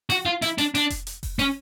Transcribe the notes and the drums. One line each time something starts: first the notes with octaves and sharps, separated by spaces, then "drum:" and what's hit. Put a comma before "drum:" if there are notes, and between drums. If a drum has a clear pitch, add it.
F#4, drum: open hi-hat
F4
E4, drum: hi-hat
D4, drum: hi-hat
D4, drum: hi-hat
drum: kick F1, hi-hat
drum: hi-hat
drum: kick F1, open hi-hat
C#4, drum: open hi-hat